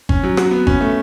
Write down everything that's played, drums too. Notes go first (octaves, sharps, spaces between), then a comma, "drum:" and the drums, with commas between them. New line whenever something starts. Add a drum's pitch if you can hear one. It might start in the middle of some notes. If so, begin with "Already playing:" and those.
C#4, drum: kick G1
F#3
F#4, drum: rim click
B3
C#4, drum: kick G1
A3